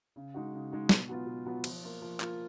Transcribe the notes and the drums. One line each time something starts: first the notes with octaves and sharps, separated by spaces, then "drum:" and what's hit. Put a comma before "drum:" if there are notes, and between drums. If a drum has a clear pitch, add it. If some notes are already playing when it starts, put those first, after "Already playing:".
C#3
G#3 D#4 F#4
C#3
G#3 D#4 F#4
B2, drum: snare
F#3 B3 F4
B2
F#3 B3 F4
F3, drum: cymbal
A#3 F4
F3
A#3 F4, drum: clap